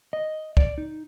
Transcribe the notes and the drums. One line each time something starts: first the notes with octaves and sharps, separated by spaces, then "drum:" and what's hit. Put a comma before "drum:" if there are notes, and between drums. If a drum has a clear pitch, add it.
D#5
D5, drum: kick
D#4